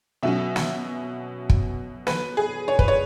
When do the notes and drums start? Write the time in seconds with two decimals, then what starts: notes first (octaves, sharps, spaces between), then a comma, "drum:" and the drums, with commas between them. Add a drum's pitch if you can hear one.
0.23 B2 F#3 C#4 E5
0.56 drum: snare
1.49 drum: kick
2.07 B4, drum: snare
2.37 G#4
2.68 C#5
2.79 B4, drum: kick
2.88 C#5